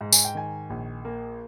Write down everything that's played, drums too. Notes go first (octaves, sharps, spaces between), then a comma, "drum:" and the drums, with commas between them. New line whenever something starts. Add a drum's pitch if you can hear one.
G#2
G#5, drum: tambourine
G5
D#3 G#5
A#1
A#3